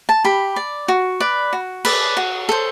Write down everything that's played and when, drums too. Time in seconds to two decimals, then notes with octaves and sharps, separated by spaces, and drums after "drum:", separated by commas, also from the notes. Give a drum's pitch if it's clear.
0.09 A5
0.24 G4 B5
0.56 D5
0.88 F#4
1.20 B4 D5
1.53 F#4
1.85 B4 D5, drum: cymbal
2.17 F#4
2.49 A4 C5